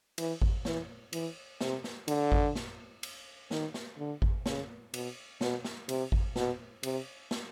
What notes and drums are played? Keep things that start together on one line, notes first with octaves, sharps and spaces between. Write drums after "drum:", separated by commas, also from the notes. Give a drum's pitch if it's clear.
E3, drum: cymbal
drum: kick G#1
E3, drum: snare
E3, drum: cymbal
C3, drum: snare
drum: snare
D3, drum: cymbal
drum: kick G#1
drum: snare
drum: cymbal
D#3, drum: snare
drum: snare
D3
drum: kick G#1
C#3, drum: snare
B2, drum: cymbal
B2, drum: snare
drum: snare
C3, drum: cymbal
drum: kick G#1
B2, drum: snare
C3, drum: cymbal
drum: snare